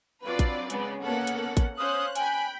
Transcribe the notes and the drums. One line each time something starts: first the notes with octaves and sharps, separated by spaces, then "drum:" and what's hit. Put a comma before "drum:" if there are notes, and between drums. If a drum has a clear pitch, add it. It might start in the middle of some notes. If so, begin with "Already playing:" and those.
F#3 C4 D4 F4 B4 D5
drum: kick A1, hi-hat
C#3 G#3 B3, drum: hi-hat
A#3 B3 C#4 A4 F#5
drum: hi-hat
drum: kick A1, hi-hat
C#4 C5 F5 D#6 F#6
G5 G#5 B5, drum: hi-hat